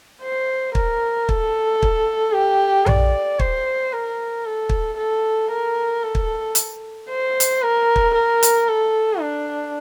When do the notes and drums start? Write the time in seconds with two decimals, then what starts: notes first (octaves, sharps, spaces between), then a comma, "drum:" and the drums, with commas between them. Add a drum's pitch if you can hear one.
0.23 C5
0.75 A#4, drum: kick
1.29 A4, drum: kick
1.83 drum: kick
2.34 G4
2.86 D5, drum: tom A#1
3.39 C5, drum: kick
3.92 A#4
4.45 A4
4.69 drum: kick
4.98 A4
5.51 A#4
6.03 A4
6.15 drum: kick
6.55 drum: hi-hat
7.10 C5
7.40 drum: hi-hat
7.62 A#4
7.96 drum: kick
8.15 A#4
8.43 drum: hi-hat
8.68 A4
9.21 D4